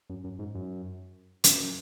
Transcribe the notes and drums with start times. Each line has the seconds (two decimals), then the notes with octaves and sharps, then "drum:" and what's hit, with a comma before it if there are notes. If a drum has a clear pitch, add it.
0.10 F#2
0.24 F#2
0.39 G#2
0.55 F#2
1.44 F#2, drum: hi-hat